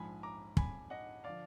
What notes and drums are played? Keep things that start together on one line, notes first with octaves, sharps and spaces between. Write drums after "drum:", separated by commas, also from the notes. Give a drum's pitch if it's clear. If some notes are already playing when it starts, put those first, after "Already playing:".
Already playing: A#1 G#2 F3 G#5 B5
A#5 D6
G#5 B5, drum: kick
D#5 F#5
D3 F3 D5 F5